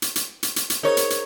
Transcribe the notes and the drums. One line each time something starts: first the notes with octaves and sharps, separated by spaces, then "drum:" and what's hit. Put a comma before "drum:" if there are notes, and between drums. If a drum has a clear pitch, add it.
drum: hi-hat
drum: hi-hat
drum: hi-hat
drum: hi-hat
drum: hi-hat
D#4 G#4 A#4 C5 C#5
drum: hi-hat
drum: hi-hat